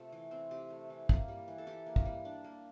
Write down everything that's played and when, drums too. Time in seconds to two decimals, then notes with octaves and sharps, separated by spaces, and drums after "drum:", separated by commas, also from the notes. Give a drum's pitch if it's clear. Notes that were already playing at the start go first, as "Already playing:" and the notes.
Already playing: C3 A3 F4
0.12 E3
0.31 C4
0.51 C3 G4
0.70 A3
0.90 E3
1.09 A#3, drum: kick
1.28 G3
1.48 E3
1.58 A4
1.67 E3 G4
1.86 A#3
1.96 drum: kick
2.05 G3
2.25 D4
2.44 A#3